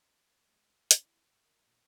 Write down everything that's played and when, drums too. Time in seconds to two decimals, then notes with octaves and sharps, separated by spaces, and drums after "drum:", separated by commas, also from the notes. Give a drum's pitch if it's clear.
0.13 F#6
0.27 G#6
0.48 G#3
0.78 F6
0.91 C#4, drum: hi-hat
1.05 E4
1.25 C#6
1.44 A#4
1.65 A#2